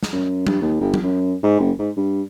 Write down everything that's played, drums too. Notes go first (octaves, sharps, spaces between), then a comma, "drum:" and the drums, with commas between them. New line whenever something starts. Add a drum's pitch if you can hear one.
drum: snare
F#2
G2, drum: tom F#3
D#2
G1
drum: tom F#3
F#2
G#2
F#1
G#2
G2